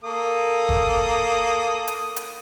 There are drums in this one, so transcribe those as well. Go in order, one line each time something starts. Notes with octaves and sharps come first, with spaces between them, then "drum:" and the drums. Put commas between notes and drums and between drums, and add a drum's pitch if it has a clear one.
A#3 A4 D#6
drum: kick F1
drum: hi-hat
drum: hi-hat